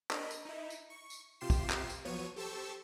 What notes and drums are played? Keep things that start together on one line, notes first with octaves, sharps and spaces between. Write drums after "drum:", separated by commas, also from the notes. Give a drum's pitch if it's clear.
D4 A#4 D#5 B5, drum: clap
drum: tambourine
D#4 E4
drum: tambourine
C#6
drum: tambourine
C3 F4 G4 C6 C7 E7
drum: kick, tambourine
drum: clap
drum: tambourine
F3 F#3 B3 C#5 C#6 D#7
G4 A4 C5 A5 C#6 E6